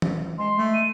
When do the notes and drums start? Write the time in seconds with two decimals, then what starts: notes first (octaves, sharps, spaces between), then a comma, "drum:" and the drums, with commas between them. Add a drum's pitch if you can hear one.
0.02 drum: tom E3
0.38 G#3 C6
0.57 A3
0.74 D#7